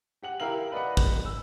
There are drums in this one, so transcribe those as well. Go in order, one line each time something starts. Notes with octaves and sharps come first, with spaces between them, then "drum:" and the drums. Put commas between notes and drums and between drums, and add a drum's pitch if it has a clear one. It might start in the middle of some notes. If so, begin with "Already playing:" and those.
G4 F#5 F#7
E4 G4 A#4 F5 F#7
B4 D5 D#5 F#5
drum: kick
E6